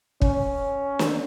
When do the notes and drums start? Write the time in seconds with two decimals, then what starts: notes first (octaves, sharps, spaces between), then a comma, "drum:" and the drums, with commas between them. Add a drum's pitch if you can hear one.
0.22 C#4, drum: kick
0.99 drum: snare